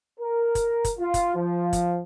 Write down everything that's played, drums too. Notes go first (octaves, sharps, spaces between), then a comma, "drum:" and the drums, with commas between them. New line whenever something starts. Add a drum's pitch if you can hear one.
A#4
drum: kick, hi-hat
drum: kick, hi-hat
F4
drum: kick, hi-hat
F3
drum: kick, hi-hat